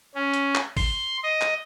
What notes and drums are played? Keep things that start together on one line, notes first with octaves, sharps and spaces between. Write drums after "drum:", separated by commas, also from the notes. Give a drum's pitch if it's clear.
C#4
drum: hi-hat
drum: clap
C6, drum: kick, open hi-hat
D#5
drum: clap